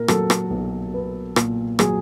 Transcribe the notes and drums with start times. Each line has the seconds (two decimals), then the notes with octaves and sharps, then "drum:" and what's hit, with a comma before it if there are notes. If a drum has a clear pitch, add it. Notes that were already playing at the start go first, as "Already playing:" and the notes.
Already playing: A#2 A#4
0.08 F#3 A4, drum: rim click
0.30 drum: rim click
0.50 B1
0.94 B3
1.36 A#2, drum: rim click
1.79 F#3 G#4, drum: rim click